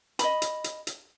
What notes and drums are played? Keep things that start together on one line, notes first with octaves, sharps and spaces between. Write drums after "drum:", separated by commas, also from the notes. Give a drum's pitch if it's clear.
D#5 B5, drum: hi-hat
drum: hi-hat
drum: hi-hat
drum: hi-hat